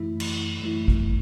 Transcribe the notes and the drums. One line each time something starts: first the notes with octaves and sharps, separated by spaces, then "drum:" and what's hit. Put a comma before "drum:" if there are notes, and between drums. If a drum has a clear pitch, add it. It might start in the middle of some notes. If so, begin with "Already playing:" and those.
Already playing: F#2 E3 A3 E4
drum: cymbal
F#2 E3 A3 E4
drum: kick